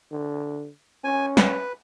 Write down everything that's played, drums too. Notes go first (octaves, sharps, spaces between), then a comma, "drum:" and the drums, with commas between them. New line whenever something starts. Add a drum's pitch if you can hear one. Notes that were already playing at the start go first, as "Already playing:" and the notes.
D3
C#4 G#5
B4, drum: snare